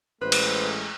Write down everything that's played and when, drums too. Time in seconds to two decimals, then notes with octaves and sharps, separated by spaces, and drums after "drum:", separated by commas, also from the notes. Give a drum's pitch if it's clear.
0.22 A1 G#3 A3 B4 C5
0.32 drum: cymbal